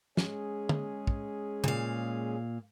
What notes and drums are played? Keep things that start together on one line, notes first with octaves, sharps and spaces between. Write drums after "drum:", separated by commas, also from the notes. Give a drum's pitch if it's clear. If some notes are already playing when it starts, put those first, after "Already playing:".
G#3 C#4 G#4, drum: snare
drum: tom D3
drum: kick
A#2 F5, drum: tom